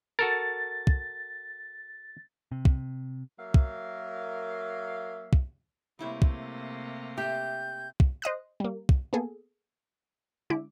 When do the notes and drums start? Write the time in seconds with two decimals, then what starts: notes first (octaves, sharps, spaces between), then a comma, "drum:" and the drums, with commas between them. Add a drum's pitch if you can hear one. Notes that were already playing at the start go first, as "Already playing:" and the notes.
0.19 F#4 A4 A#4 A6
0.87 drum: kick
2.52 C3
2.65 drum: kick
3.38 F#3 A#3 A#4 E5 F5
3.54 drum: kick
5.33 drum: kick
5.99 C3 G3 A3 A#3 E4 C#5
6.22 drum: kick
7.18 G4 E5 G6
8.00 drum: kick
8.22 C5 D#5 D#6 F#6
8.60 G3 A#3
8.89 drum: kick
9.13 A#3 B3 G#4 A4
10.50 D3 G#3 E4 D6